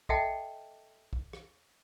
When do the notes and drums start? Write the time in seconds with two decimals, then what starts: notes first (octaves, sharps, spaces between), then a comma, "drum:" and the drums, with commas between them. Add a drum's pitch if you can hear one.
0.09 A4 D#5 E5 F#5 G5 A5, drum: kick
1.13 drum: kick
1.33 drum: rim click